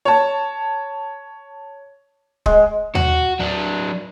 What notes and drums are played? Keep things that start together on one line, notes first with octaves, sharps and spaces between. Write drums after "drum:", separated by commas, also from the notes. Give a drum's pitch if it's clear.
C#5 A5
G#3, drum: kick
F#4, drum: tom D#2
F#3 D4